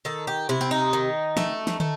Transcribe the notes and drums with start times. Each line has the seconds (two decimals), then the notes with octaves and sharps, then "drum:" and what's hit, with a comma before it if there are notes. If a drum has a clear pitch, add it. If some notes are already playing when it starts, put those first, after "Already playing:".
0.05 D#3 A4
0.27 G4
0.49 C3 E4
0.61 C4
0.71 D#4
0.93 D#3
1.37 A3, drum: snare
1.67 drum: snare
1.80 A3, drum: tom